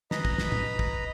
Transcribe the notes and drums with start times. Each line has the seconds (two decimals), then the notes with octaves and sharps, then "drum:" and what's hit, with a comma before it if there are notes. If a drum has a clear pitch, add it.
0.11 B4 D#5 A#5 B5, drum: snare
0.25 drum: kick
0.38 drum: snare
0.52 drum: tom
0.79 drum: kick